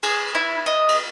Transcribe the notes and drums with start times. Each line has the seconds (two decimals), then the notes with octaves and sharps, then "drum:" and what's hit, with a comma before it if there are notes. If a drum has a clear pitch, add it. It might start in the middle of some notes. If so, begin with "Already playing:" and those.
0.03 G#4, drum: cymbal
0.35 E4
0.66 D#5
0.89 drum: cymbal